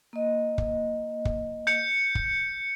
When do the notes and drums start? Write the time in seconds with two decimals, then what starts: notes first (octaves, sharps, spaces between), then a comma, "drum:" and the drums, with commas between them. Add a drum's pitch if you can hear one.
0.13 A#3 D#5
0.58 drum: kick
1.25 drum: kick
1.67 G6 C#7
2.15 drum: kick